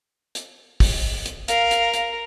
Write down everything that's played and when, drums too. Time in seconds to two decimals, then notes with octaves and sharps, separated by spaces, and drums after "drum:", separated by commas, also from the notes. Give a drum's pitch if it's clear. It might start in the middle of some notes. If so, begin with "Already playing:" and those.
0.35 drum: hi-hat
0.80 drum: kick, open hi-hat
1.26 drum: hi-hat
1.48 A#4 F5, drum: hi-hat
1.71 drum: hi-hat
1.94 drum: hi-hat